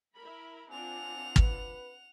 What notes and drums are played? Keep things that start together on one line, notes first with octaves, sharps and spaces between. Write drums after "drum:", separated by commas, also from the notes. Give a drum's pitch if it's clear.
E4 A#4 B5
C4 D4 F4 F#5 G#5 F7
B4, drum: kick